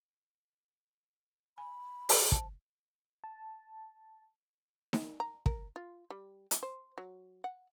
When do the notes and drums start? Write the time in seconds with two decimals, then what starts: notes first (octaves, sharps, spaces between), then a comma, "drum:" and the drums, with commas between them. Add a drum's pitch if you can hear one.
1.58 G#5 B5
2.09 C5, drum: open hi-hat
2.32 A5, drum: kick
3.24 A5
4.93 drum: snare D#4
5.20 A#5
5.46 A#4, drum: kick
5.76 F4
6.10 G3
6.51 drum: hi-hat
6.63 C5
6.98 F#3
7.44 F#5